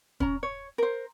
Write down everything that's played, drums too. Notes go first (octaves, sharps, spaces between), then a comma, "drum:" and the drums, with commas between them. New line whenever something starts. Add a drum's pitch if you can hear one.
C#4 A#5, drum: kick
C#5
A#4 C5